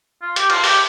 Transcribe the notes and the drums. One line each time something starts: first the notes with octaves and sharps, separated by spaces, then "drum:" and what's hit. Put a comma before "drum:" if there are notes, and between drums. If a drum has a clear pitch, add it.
F4
G4, drum: hi-hat
F4, drum: cymbal
G4, drum: open hi-hat